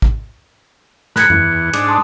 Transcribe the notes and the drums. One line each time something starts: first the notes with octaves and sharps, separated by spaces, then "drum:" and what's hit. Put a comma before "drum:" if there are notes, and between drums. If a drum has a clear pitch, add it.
drum: kick
G#2 A#4 B5 F#6 G#6 C#7, drum: snare
E2, drum: tom F#2
G#2 D4, drum: cymbal
A5 C6 D#6